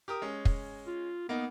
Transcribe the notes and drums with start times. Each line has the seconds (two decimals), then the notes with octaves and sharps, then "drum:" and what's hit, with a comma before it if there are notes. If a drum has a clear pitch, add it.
0.08 G4 A#4 D#6
0.22 G#3 C#4
0.45 drum: kick
0.87 F4
1.29 A#3 B3 D#4